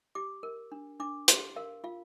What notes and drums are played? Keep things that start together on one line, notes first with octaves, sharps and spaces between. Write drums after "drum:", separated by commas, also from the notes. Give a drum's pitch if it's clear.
G4 D6
A#4
D4
D4 D6
G4 C6, drum: hi-hat
A#4 F5
F4 F5